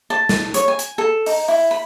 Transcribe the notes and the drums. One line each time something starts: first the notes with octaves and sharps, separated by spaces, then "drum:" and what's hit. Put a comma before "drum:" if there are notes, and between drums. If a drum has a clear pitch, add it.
A5
drum: snare
C#5, drum: hi-hat
G#5
drum: hi-hat
A4
D#4, drum: open hi-hat
E4
B5